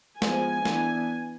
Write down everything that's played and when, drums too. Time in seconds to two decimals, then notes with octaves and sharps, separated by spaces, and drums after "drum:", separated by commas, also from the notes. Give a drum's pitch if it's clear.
0.22 F3 G#3 B3 G#5, drum: snare
0.65 E3 B3 D4, drum: snare